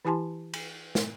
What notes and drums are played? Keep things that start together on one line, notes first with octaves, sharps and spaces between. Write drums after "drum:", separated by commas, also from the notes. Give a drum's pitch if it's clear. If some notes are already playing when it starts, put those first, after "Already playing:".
E3 E4 G4 G#5 A5 C6
drum: cymbal
drum: snare